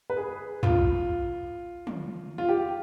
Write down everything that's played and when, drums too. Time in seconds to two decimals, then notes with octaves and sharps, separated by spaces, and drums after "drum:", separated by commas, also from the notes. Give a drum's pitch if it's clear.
0.10 B4
0.17 G#4
0.63 F4, drum: tom
1.87 drum: tom
2.38 F4
2.49 G4